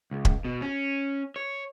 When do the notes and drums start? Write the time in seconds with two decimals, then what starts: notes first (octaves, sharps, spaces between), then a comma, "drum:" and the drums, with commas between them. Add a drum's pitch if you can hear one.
0.11 C#2
0.25 drum: kick
0.45 B2
0.62 C#4
1.36 C#5